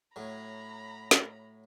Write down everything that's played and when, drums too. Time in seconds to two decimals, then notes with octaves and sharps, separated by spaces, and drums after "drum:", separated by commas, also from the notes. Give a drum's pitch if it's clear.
0.16 A2 F#3 A#5 B5
1.11 drum: snare